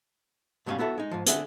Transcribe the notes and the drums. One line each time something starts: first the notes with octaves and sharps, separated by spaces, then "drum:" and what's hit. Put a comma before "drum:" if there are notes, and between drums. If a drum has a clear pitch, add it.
G2 B2 F#3 G3 C#4 F5
B3 E4 F#4 A4 E5
G#3 D#4
G#2 F3
D3 G#4 E5 F#5, drum: hi-hat